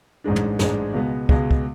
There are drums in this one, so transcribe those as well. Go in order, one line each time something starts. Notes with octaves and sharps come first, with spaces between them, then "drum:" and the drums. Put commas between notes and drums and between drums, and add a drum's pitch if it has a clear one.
A1 G#2 G#3 D4
drum: tom
A1 G#2 G#3 D4, drum: snare
C#2 B2 G#3 B3
C#2 B2 G#3 B3, drum: kick
drum: kick